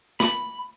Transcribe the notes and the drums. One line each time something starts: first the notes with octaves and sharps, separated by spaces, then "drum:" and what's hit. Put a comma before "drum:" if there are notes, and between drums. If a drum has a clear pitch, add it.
B5, drum: snare